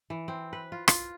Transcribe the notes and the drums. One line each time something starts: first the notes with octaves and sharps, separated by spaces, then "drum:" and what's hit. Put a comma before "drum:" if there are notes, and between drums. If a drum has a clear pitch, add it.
E3
C4
B4
F4
F4, drum: rim click